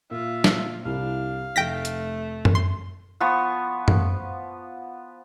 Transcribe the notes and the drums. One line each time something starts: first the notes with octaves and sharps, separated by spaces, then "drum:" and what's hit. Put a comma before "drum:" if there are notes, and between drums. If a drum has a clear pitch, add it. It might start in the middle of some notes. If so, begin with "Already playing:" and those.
A#2 F4 E5
drum: snare
C2 D4 E4 F5
F1 A3 G5 A#6 B6
drum: hi-hat
drum: tom F#2
C6
F3 B3 C#6
drum: tom F#2